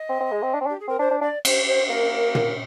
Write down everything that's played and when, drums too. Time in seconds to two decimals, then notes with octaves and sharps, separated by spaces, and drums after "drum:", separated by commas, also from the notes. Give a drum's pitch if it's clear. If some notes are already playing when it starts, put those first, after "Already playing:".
Already playing: D#5
0.09 C4
0.20 C4
0.32 G#3
0.43 C4
0.54 D4
0.61 C4
0.66 D4
0.69 G4
0.79 G#4
0.88 C4 A#4
0.99 D4 C5
1.11 D4
1.21 D4 D5
1.45 C5, drum: cymbal
1.67 C5
1.89 A#3 A#4
2.35 drum: tom